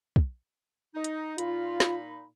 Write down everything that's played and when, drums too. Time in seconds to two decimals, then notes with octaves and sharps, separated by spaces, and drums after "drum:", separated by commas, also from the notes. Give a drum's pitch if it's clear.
0.16 drum: kick
0.95 D#4
1.04 drum: hi-hat
1.38 A#2 D#4 F4 B5, drum: hi-hat
1.80 drum: snare